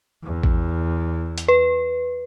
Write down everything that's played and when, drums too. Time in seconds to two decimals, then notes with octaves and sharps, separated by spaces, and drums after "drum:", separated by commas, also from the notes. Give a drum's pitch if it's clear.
0.24 E2
0.43 drum: kick A1
1.38 drum: hi-hat
1.48 B4